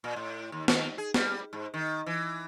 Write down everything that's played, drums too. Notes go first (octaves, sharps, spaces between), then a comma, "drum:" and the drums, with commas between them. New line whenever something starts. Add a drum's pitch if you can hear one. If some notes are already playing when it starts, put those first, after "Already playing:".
A#2
A2
D#2
D#3, drum: snare
G#4
G3, drum: snare
G#2
D#3
E3